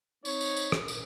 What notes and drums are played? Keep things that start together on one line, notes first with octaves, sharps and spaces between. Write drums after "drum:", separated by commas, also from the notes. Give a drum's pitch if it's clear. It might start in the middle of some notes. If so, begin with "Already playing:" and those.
C4 D#4 C#5, drum: tambourine
drum: tambourine
drum: tambourine
drum: rim click
drum: tambourine